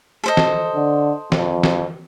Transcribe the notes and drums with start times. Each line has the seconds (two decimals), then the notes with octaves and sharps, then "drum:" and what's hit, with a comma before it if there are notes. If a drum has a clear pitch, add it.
0.24 A4 C5 D#5
0.37 drum: snare
0.75 D3
1.32 F2, drum: snare
1.63 drum: snare